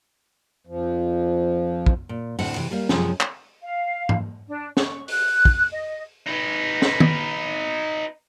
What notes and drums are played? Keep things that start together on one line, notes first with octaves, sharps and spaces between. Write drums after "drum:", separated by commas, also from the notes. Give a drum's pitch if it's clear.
F2 F3
drum: kick
A#2
D2 A2 C4 F#5, drum: open hi-hat
C3 E3
G3 A#3 F5
F#2 C3 F3 G#3 G#4, drum: snare
drum: clap
F5
drum: tom G#2
D4
C#6, drum: snare
F#6, drum: open hi-hat
drum: kick
D#5
D#4 B4
drum: snare
drum: tom D#3